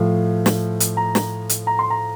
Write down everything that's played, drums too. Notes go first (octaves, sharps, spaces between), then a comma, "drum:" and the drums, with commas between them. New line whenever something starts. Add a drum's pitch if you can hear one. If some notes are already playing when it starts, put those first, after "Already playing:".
Already playing: A2 F3
drum: snare
drum: hi-hat
A#5
drum: snare
drum: hi-hat
A#5
C6
A#5